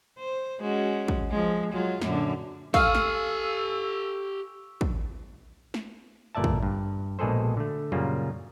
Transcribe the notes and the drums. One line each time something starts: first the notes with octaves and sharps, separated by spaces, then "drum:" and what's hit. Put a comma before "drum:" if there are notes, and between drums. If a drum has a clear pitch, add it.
C5
G#3 C#4 F#4
drum: kick
F3 G#3
F#3 G#3 F4
F#2 A#2 D3, drum: snare
G4 A4 F5 G#5 C#6 E6, drum: kick
drum: snare
drum: kick
drum: snare
G1 A#2 D5 E5 A5
drum: kick
G2
A#1 B2 G#3 G#4 A4 C5
D3 A3
F#2 A#2 C#3 G3 A#3 F4